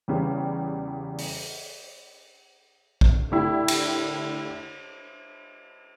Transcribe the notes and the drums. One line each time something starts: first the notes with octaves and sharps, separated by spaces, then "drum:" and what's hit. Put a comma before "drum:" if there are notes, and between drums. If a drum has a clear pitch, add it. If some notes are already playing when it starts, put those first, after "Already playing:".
E2 C#3 G3
drum: open hi-hat
drum: kick A#1
D3 A3 E4 G4
drum: cymbal